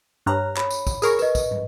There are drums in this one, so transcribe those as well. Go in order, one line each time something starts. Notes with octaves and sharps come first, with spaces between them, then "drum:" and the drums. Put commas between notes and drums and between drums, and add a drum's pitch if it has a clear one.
G2 C#5 A#5 F6 F#6
C#5 B5, drum: clap
drum: tambourine
drum: kick, tambourine
G#4 A#4 C#6, drum: tambourine
B4 D#5, drum: tambourine
drum: kick, tambourine
drum: tom